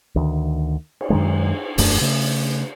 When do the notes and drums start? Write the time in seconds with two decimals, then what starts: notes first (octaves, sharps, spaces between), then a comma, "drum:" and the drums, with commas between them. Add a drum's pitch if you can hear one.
0.16 D2 D#3
1.01 drum: cymbal
1.10 F#2 D#3 G#3
1.78 E1 F#2 A3 D4, drum: open hi-hat
2.01 C#3 A3